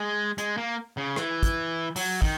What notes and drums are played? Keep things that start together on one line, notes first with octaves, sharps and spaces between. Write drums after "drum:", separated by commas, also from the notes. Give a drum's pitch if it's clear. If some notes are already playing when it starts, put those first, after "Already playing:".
Already playing: G#3
G#3, drum: hi-hat
A#3
C#3
E3, drum: rim click
drum: kick, hi-hat
F#3, drum: open hi-hat
D#3, drum: kick